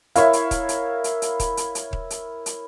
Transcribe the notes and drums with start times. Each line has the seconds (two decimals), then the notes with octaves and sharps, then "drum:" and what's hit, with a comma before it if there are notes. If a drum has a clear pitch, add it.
0.16 E4 A#4 C#5 E5 F5, drum: hi-hat
0.33 drum: hi-hat
0.51 drum: kick D#1, hi-hat
0.69 drum: hi-hat
1.04 drum: hi-hat
1.22 drum: hi-hat
1.40 drum: kick D#1, hi-hat
1.57 drum: hi-hat
1.75 drum: hi-hat
1.93 drum: kick D#1
2.10 drum: hi-hat
2.46 drum: hi-hat